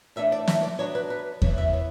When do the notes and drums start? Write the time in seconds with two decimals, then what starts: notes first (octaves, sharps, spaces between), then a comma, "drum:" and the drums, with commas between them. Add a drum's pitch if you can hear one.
0.16 A2 E3 A3 D4 E5
0.32 D5
0.48 E5, drum: snare
0.63 D5
0.79 F#3 B3 D4 C#5
0.95 B4
1.10 B4
1.42 E3 B3 E4 C#5, drum: kick E2
1.58 E5
1.73 C#5